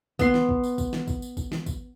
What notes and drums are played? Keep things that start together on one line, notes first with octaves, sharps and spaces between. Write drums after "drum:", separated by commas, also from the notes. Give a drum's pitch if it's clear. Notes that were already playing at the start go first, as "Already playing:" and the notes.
B3 C6, drum: kick, tambourine
drum: snare
drum: kick
drum: tambourine
drum: kick, tambourine
drum: snare
drum: kick, tambourine
drum: tambourine
drum: kick, tambourine
drum: snare
drum: kick, tambourine